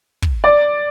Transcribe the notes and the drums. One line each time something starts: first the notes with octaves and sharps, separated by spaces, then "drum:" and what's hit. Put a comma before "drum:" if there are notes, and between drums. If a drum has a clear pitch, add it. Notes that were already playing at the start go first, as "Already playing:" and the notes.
drum: kick
D5